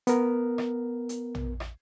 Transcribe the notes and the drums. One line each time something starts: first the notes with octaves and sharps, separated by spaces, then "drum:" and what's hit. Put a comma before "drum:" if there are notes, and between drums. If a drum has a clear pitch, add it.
B3 A#4, drum: hi-hat
drum: rim click
drum: hi-hat
drum: tom
drum: rim click